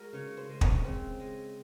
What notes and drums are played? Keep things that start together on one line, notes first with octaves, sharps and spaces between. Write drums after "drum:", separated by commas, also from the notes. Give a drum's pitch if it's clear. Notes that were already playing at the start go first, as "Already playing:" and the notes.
Already playing: G#3 F#4 A#4
C#3 C#5
C5
G#3
C#4, drum: kick
C#3 C4
G#3